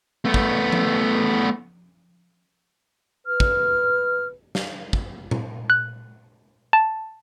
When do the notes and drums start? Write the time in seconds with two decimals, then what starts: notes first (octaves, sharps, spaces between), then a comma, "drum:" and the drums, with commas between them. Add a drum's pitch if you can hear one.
0.25 A3 B3
0.34 drum: kick
0.72 drum: tom F3
3.27 B4 F6
3.40 drum: kick
4.55 drum: snare
4.93 drum: kick
5.31 drum: tom A#2
5.70 F#6
6.73 A5